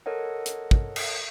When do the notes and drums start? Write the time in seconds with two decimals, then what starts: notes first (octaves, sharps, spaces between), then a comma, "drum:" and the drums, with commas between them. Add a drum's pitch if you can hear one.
0.06 A4 A#4 C#5 D#5 F#5
0.46 drum: hi-hat
0.71 drum: kick
0.96 drum: cymbal